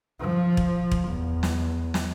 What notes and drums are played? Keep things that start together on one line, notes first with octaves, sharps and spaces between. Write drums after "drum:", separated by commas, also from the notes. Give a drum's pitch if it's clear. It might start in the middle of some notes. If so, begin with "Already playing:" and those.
F3
drum: kick E1
drum: kick E1
E2
drum: snare
drum: snare